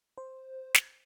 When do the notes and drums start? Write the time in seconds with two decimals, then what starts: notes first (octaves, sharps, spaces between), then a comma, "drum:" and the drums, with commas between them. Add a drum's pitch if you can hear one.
0.18 C5
0.74 drum: snare